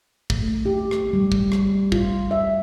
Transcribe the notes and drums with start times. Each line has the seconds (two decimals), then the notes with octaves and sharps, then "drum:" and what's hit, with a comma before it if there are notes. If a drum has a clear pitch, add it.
0.30 A3, drum: kick
0.66 G4
0.91 drum: rim click
1.13 G3
1.32 drum: kick
1.52 drum: rim click
1.92 F4, drum: kick
2.31 E5